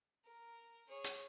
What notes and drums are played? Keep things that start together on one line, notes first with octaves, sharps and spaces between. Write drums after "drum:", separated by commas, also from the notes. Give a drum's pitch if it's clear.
A#4
G#4 C#5
drum: hi-hat